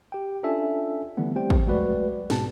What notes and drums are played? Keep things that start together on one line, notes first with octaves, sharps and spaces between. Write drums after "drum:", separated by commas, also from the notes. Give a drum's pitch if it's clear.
G4 G5
C#4 D4 F4 A4 E5 G#5
D3 E3 G3 A3 B3
G3 A3 C4 G4 C5 G5
drum: kick
F#3 G#3 A3 F#4 B4 D5
G#2 B2 G#4 A5, drum: snare